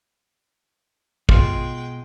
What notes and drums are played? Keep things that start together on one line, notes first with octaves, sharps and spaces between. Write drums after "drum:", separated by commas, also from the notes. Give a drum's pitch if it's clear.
B2 G#3 F4 G5, drum: kick